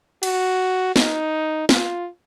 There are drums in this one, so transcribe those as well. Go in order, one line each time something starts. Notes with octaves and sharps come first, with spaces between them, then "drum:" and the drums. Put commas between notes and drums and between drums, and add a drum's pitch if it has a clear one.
F#4, drum: cymbal
D#4, drum: snare
F4, drum: snare